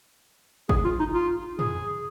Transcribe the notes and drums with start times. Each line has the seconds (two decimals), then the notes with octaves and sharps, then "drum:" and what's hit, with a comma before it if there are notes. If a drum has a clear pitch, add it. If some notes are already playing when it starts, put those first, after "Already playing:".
0.69 G#4, drum: kick
0.84 F4
0.99 D#4
1.14 F4
1.59 G#4, drum: tom